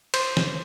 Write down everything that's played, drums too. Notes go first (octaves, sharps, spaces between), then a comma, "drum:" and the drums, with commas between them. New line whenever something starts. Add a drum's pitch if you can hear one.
C5, drum: cymbal
drum: snare